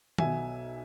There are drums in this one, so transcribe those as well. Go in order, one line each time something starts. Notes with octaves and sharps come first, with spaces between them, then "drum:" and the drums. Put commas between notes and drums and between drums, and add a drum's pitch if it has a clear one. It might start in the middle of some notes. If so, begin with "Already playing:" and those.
B1 B2 E5 G#5, drum: tom D#3